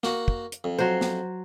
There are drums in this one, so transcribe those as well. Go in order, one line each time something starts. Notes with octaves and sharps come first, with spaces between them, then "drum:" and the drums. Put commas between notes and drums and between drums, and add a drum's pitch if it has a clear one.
A#3 F#4 F#5, drum: snare
drum: kick
drum: hi-hat
F2
F#3 C5
drum: snare